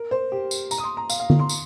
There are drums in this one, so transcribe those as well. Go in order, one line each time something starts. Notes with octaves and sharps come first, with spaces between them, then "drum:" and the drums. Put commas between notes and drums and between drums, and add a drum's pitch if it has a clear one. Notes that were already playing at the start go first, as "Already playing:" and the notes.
Already playing: A#4
C5
G4
drum: tambourine
A#5, drum: tambourine
D#6
C6
A#5
F5, drum: tambourine
F5
drum: tom D3
C6
drum: tambourine